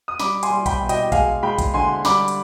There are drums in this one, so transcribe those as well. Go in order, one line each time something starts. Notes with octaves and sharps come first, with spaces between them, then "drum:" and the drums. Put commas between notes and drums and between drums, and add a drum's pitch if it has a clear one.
D#6
G3 B5 D6, drum: snare
G#5 C6, drum: hi-hat
G3
G5 B5, drum: kick A#1, hi-hat
B2
D#5 G5, drum: hi-hat
G#3 F5 G#5, drum: kick A#1, hi-hat
G#3 G5 B5
drum: kick A#1, hi-hat
D3 G#5 C6
G3 B5 D6, drum: snare
drum: hi-hat